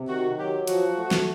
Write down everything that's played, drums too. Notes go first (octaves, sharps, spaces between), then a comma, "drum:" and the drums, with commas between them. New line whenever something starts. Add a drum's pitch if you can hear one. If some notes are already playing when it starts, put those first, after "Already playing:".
Already playing: C3
D#3 F#4
F#3 G4
F3 F#4, drum: hi-hat
A3
drum: snare